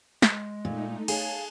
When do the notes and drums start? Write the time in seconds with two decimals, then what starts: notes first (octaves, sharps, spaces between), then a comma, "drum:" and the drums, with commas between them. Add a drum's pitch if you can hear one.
0.22 G#3, drum: snare
0.65 A#2 A3 D#4
1.08 G#4 C#5 F5 A5 F#6 A6, drum: cymbal